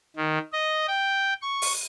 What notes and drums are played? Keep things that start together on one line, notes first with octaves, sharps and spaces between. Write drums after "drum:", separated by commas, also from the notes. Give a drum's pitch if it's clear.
D#3
D#5
G5
C#6
drum: open hi-hat